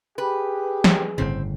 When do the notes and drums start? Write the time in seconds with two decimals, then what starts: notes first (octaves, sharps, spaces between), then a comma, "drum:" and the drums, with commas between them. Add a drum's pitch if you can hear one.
0.18 G4 G#4 B4
0.84 drum: snare
1.18 G1 A2 C#3 C4